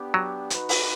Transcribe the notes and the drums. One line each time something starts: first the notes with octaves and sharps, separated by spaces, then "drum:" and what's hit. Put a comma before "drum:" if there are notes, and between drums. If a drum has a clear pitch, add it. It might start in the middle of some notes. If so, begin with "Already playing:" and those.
Already playing: B3 D4 G4
F#3
D#4 F#4 B4, drum: hi-hat
drum: open hi-hat